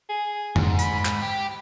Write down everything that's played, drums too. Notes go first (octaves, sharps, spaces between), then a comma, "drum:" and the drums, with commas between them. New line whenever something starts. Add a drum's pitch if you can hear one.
G#4
G#2, drum: tom F2
B5, drum: tambourine
drum: clap
G4